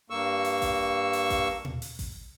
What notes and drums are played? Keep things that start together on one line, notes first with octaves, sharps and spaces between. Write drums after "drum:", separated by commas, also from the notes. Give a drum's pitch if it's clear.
G2 A#3 C#6 E6
drum: open hi-hat
drum: kick A1, open hi-hat
drum: open hi-hat
drum: kick A1, open hi-hat
drum: tom A#2
drum: open hi-hat
drum: kick A1, open hi-hat